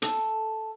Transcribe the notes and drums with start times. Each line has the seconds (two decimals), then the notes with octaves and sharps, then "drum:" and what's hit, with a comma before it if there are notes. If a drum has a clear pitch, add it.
0.02 A4, drum: hi-hat